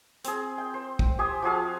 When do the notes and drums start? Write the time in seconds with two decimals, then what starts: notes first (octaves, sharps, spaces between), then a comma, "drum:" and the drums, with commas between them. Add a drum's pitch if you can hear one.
0.24 C4 G#4, drum: hi-hat
0.58 G5
0.74 C5
0.99 drum: kick
1.19 G4 C5 G#5 D#6
1.42 F3 F#4 G#4 F5